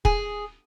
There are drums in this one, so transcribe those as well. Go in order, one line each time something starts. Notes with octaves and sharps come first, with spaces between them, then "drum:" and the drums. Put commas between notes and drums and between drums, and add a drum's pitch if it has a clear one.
G#4, drum: kick